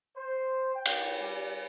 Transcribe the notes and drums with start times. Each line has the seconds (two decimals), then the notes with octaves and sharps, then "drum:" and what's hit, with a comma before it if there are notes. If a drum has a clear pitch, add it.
0.16 C5
0.74 G5
0.86 drum: cymbal
1.19 G3